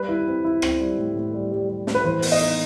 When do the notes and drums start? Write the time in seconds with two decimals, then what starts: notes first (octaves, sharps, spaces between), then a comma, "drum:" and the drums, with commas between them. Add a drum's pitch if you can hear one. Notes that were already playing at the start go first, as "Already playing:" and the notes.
Already playing: G3 B4
0.09 E4
0.27 C4
0.44 E4
0.62 C4, drum: rim click
0.81 G3
0.98 A2
1.16 A2
1.34 G3
1.52 G3
1.69 G3
1.87 A2, drum: snare
1.95 B4
2.05 E3 C5
2.22 B3, drum: open hi-hat
2.32 D#5
2.41 D#4